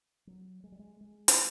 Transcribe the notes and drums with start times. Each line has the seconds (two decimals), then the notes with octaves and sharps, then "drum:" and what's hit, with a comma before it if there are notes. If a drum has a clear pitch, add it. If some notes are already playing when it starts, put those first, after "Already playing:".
0.27 F#3
0.64 G#3
0.72 G3
0.79 G#3
1.01 G#3
1.28 drum: hi-hat